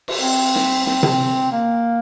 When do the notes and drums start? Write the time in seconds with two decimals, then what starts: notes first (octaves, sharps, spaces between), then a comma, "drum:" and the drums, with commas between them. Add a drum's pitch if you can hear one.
0.08 drum: cymbal
0.21 C4
0.55 drum: snare
0.86 C4, drum: snare
1.03 C4, drum: tom C3
1.52 A#3